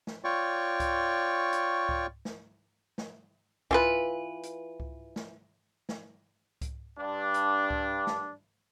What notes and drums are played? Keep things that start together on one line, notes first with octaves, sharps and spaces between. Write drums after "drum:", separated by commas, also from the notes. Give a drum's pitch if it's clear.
drum: snare
F4 C#5 D5 G5 C#6
drum: kick C2, hi-hat
drum: hi-hat
drum: kick C2
drum: snare
drum: snare
E3 F4 B4, drum: kick C2
drum: hi-hat
drum: kick C2
drum: snare
drum: snare
drum: kick C2, hi-hat
G2 D4
drum: hi-hat
drum: kick C2
drum: snare